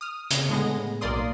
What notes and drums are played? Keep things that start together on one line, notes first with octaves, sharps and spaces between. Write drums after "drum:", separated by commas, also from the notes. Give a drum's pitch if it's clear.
D#6 F6
C#3, drum: hi-hat
A2 D3 G#3 B3 G#4 A#6
B1 A#3 A#4 D5 C6 D#6